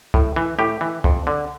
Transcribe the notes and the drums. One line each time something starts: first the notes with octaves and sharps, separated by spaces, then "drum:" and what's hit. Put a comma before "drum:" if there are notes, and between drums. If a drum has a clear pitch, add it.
A2, drum: kick C#2
E3
A2 G4
E3
F2, drum: kick C#2
D3